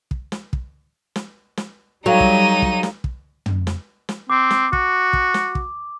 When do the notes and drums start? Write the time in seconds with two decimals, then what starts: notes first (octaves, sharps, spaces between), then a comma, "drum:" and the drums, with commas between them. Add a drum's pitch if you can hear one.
0.11 drum: kick
0.32 drum: snare
0.53 drum: kick
1.16 drum: snare
1.57 drum: snare
2.06 F#3 G3 D#4 A4 F5 G5 D#7
2.20 drum: kick
2.62 drum: kick
2.83 drum: snare
3.04 drum: kick
3.46 drum: tom
3.67 drum: snare
4.09 drum: snare
4.30 C4 D6
4.50 drum: snare
4.73 F#4, drum: kick
5.13 drum: kick
5.34 drum: snare
5.55 drum: kick